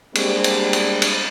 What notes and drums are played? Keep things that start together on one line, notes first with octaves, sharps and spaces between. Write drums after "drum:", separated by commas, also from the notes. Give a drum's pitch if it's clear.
G3 G#3 A#3 C4 D4 G4, drum: cymbal
drum: cymbal
drum: cymbal
drum: cymbal